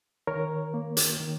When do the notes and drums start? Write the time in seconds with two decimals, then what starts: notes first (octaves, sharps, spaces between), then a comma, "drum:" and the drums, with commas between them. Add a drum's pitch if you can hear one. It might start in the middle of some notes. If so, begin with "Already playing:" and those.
0.27 D#3 A#4 C#5
0.74 A#3
0.97 drum: hi-hat
1.20 D#3